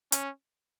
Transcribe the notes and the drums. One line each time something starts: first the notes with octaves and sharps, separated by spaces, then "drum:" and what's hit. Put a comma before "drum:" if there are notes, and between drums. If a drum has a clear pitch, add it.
C#4, drum: hi-hat